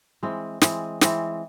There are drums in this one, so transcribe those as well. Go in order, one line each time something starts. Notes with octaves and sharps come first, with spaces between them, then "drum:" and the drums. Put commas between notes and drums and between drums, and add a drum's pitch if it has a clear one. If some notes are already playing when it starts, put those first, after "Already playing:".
E3 G#3 C4
E3 G#3 C4, drum: snare
E3 G#3 C4, drum: snare